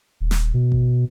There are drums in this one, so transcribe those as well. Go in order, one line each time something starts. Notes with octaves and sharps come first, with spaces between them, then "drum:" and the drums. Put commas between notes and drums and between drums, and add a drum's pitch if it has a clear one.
D#1
drum: snare
B2
drum: kick G#1